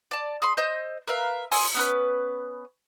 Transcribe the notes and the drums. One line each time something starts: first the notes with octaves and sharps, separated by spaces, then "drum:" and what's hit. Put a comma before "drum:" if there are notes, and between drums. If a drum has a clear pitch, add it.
D5 A5
G#4 B5 C6
C5 D#5 E6 G6
A#4 B4 E5 F5
G#5 C6 D#6 E6, drum: open hi-hat
B3 C#4 B4